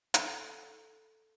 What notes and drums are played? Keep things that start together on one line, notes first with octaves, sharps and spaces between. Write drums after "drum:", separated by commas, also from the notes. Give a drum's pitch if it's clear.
A4 F#5, drum: hi-hat